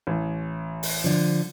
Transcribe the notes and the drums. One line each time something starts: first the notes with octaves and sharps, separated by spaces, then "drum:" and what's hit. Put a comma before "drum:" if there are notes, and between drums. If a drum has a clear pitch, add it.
A1
drum: open hi-hat
D3 F3